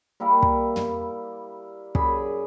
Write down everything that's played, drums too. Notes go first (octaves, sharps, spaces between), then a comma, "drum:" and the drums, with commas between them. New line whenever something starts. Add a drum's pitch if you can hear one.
G3 A#3 E4 A#4
drum: kick
drum: tom
F#2 G#4 D5 B5, drum: kick